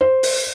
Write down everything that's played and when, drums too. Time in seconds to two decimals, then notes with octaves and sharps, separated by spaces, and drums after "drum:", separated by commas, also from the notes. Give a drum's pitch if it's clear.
0.01 C5
0.23 drum: open hi-hat